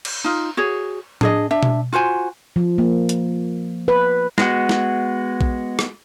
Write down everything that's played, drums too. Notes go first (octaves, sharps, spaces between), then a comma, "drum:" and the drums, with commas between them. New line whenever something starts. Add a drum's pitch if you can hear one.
drum: cymbal
D#4 F4
F#4 G#4 C#5
D4 G#4 D#5, drum: tom A2
D4 E5
drum: tom B2
F4 F#4 C5 G#5
F3
A#3
drum: hi-hat
B4
G#3 B3 F#4, drum: snare
drum: snare
drum: kick A#1
drum: rim click